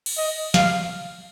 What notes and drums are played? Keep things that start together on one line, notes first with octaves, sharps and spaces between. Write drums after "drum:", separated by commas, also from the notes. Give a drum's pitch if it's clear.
drum: cymbal
D#5
F5, drum: snare